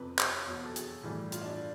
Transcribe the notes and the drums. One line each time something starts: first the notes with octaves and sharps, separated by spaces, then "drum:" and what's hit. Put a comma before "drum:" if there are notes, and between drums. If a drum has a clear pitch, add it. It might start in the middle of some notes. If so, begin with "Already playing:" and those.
Already playing: F2 C3 F3 B4
C5, drum: clap
C#5
E2 B2 F#3
A4
G#4, drum: hi-hat
A2 E3 G3
F4, drum: hi-hat
D4